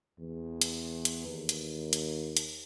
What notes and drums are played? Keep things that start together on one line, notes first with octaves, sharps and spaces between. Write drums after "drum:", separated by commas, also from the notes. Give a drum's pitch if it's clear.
E2
drum: hi-hat
drum: hi-hat
D#2
drum: hi-hat
drum: hi-hat
drum: hi-hat